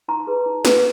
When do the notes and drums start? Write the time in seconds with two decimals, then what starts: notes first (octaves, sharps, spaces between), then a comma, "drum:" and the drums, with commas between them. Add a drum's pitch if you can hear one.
0.08 D#4 A#5 C6
0.27 G#4 B4
0.46 D#4
0.65 G#4 B4, drum: snare